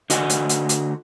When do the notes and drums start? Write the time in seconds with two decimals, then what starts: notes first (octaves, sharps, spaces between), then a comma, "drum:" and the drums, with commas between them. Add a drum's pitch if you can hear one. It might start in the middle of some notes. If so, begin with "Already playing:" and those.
0.10 D3 F#4 D#5 G#5, drum: hi-hat
0.30 drum: hi-hat
0.49 drum: hi-hat
0.69 drum: hi-hat